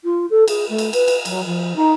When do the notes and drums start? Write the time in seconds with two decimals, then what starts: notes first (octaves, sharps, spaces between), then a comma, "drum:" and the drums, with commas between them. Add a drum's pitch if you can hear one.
0.04 F4
0.30 A4
0.48 G#4, drum: cymbal
0.68 A3
0.78 drum: cymbal
0.93 B4, drum: cymbal
1.08 drum: cymbal
1.25 F#3, drum: cymbal
1.45 F3
1.75 D#4